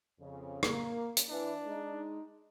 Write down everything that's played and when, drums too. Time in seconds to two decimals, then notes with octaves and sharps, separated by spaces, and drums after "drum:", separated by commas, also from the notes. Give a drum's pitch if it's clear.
0.19 F2 C#3
0.63 A#3, drum: rim click
1.17 drum: hi-hat
1.29 E3 D4
1.66 G#3 D#4